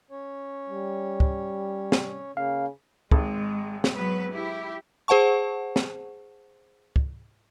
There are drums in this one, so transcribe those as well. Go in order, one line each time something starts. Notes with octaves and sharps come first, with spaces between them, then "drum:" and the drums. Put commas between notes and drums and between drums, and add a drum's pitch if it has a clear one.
C#4 C#5
G3
drum: kick
drum: snare
C#3 A#3 F5
G#1 G#3, drum: kick
drum: snare
F#3 B3 B4
E4 G4
G#4 C5 F#5 A5 C#6
drum: snare
drum: kick